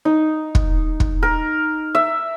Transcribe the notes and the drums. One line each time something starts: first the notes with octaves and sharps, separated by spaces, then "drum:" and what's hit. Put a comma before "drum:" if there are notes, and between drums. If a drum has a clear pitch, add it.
D#4
drum: kick
drum: kick
A#4
E5